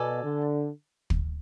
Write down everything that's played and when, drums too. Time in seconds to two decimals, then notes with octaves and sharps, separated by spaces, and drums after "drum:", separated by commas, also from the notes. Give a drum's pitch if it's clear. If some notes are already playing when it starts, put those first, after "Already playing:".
Already playing: B2 A4 D5 G#5
0.23 D3
1.10 drum: kick